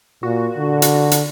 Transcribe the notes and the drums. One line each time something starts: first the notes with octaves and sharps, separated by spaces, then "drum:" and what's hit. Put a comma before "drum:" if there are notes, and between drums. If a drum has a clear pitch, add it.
A#2 F#4
D3
drum: hi-hat
drum: hi-hat